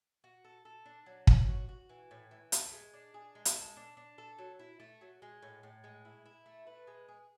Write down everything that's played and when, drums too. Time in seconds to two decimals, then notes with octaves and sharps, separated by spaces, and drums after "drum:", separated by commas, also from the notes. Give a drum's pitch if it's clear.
0.24 F#4
0.44 A4
0.65 A4
0.86 D4
1.06 F#3
1.27 C#4, drum: kick
1.48 F#4
1.69 F#4
1.89 E3
2.11 A2
2.31 E3
2.52 A3, drum: hi-hat
2.73 G#3
2.94 D4
3.14 G#4
3.35 G#3
3.45 drum: hi-hat
3.55 A4
3.77 D4
3.97 D4
4.18 A4
4.38 F#3
4.59 E4
4.80 A3
5.01 F#3
5.22 G#3
5.42 A2
5.63 A2
5.84 G#3
6.05 E4
6.26 E4
6.46 A3
6.67 B4
6.87 G#3
7.08 G#4